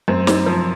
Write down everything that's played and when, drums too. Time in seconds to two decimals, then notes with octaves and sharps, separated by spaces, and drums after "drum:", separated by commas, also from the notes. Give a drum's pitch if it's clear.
0.08 F#2 C4
0.27 drum: snare
0.46 F3